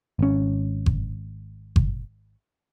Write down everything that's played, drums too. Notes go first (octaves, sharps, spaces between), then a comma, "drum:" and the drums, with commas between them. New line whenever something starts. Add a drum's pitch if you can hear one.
G#1 C#4
drum: kick G1
drum: kick G1